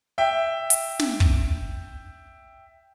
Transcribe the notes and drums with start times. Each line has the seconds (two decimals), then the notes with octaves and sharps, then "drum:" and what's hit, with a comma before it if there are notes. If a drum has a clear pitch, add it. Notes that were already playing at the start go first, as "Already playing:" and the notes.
0.18 E5 G5
0.70 drum: hi-hat
0.99 drum: snare
1.20 drum: kick